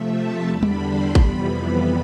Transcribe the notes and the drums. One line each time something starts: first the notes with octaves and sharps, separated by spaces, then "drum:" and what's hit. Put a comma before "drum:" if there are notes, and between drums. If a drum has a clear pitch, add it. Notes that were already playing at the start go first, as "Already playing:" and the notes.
Already playing: C3 F3 A3 E5
A5
E2 D3 G3 D4 B5
drum: tom G3
C6
F2 C3 E3 G3 B3 B5, drum: kick
B5